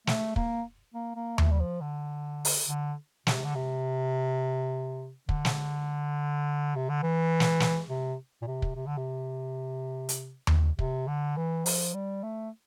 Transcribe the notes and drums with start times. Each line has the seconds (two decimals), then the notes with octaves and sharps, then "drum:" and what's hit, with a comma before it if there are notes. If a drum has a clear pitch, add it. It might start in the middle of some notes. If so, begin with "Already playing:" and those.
0.07 A3, drum: snare
0.36 A#3, drum: kick
0.94 A#3
1.16 A#3
1.38 A3, drum: tom D#2
1.52 G3
1.60 F3
1.82 D3
2.45 drum: open hi-hat
2.68 D3
3.27 C3, drum: snare
3.45 D3
3.55 C3
5.29 D3, drum: kick
5.45 drum: snare
6.76 C3
6.89 D3
7.03 E3
7.40 drum: snare
7.60 drum: snare
7.89 C3
8.42 A#2
8.47 C3
8.62 drum: kick
8.76 C3
8.87 D3
8.98 C3
10.09 drum: hi-hat
10.47 drum: tom D#2
10.79 C3, drum: kick
11.08 D3
11.37 E3
11.66 F3, drum: open hi-hat
11.94 G3
12.23 A3